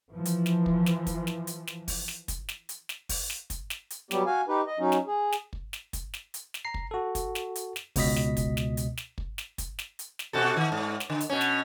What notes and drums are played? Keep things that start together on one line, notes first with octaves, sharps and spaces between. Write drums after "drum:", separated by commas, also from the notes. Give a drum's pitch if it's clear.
E3 F3
drum: hi-hat
drum: snare
drum: kick
drum: snare
drum: kick, hi-hat
drum: snare
drum: hi-hat
drum: snare
drum: kick, open hi-hat
drum: snare
drum: kick, hi-hat
drum: snare
drum: hi-hat
drum: snare
drum: kick, open hi-hat
drum: snare
drum: kick, hi-hat
drum: snare
drum: hi-hat
F#3 G3 B3 G4, drum: snare
F#4 F5 G#5
D#4 G4 B4
D#5
F#3 C#4 D#4
drum: snare
G#4
drum: snare
drum: kick
drum: snare
drum: kick, hi-hat
drum: snare
drum: hi-hat
drum: snare
A#5 C7
drum: kick
F#4 A4
drum: kick, hi-hat
drum: snare
drum: hi-hat
drum: snare
C#2 B2 D#5 B6, drum: kick, open hi-hat
drum: snare
drum: kick, hi-hat
drum: snare
drum: hi-hat
drum: snare
drum: kick
drum: snare
drum: kick, hi-hat
drum: snare
drum: hi-hat
drum: snare
B2 F#4 A4
D#3
G#2
drum: snare
D3
drum: hi-hat
B2 C#4
drum: snare